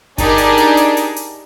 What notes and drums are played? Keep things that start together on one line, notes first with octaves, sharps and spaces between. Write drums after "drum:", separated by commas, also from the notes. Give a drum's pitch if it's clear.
D4 D#4 G4 G#4 A#4 D5, drum: kick G1, hi-hat
drum: hi-hat
drum: hi-hat
drum: hi-hat
drum: hi-hat
drum: hi-hat